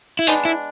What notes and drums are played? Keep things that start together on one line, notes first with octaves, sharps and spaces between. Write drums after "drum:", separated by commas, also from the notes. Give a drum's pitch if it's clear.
E4
G#3 B3 D4 D#4, drum: hi-hat
E4